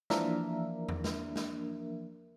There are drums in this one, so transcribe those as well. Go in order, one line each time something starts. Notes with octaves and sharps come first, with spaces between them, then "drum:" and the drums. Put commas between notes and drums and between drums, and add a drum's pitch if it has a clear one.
E3 F3 A#3 D4 A#4 E5, drum: snare
drum: tom E2
drum: snare
drum: snare